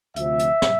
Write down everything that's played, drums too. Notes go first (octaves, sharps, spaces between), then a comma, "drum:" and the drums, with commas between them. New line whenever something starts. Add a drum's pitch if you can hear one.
D2 C3 F3 E5, drum: hi-hat
drum: hi-hat
drum: snare